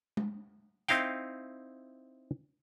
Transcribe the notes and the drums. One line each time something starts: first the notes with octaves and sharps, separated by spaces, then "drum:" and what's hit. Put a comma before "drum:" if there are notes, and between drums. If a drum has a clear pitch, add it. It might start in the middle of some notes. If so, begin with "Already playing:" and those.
drum: tom G#3
C4 D#4 E4 F5 G5, drum: hi-hat